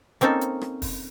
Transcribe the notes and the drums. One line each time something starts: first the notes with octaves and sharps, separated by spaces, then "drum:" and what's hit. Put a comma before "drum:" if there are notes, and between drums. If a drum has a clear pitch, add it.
A#3 C4 C#4 D#4 A4, drum: hi-hat
drum: hi-hat
drum: rim click
drum: kick, open hi-hat